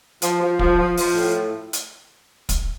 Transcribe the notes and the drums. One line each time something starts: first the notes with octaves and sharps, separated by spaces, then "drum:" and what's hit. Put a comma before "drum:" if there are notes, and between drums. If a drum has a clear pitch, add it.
F3, drum: hi-hat
F3
F3, drum: kick
F3
F3, drum: open hi-hat
A2
drum: hi-hat
drum: kick, hi-hat